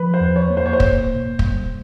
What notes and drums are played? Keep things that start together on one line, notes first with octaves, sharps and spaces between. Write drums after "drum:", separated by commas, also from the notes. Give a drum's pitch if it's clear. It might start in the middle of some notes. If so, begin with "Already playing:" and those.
Already playing: F3 B4
C5
E2
C#5
A#3
C5
C#5
C5
A#3, drum: kick
B2
G3, drum: kick